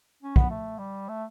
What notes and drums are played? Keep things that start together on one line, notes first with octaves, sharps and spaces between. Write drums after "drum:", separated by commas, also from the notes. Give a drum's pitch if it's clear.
C#4
B3, drum: kick
A3
G3
A3